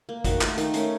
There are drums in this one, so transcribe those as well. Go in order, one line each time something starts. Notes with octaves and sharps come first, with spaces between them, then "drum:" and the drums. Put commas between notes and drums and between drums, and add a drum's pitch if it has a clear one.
A#3
D#3 F#4, drum: kick G#1, hi-hat
A3 F4, drum: clap
D#3 D#4, drum: hi-hat
A3 C#4, drum: hi-hat